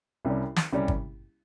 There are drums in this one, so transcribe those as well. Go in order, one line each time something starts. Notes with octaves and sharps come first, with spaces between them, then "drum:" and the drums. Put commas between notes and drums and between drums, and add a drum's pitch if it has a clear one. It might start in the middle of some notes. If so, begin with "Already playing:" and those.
C2 C3 G3 C#4
drum: snare
C2 C3 G3 C#4
drum: kick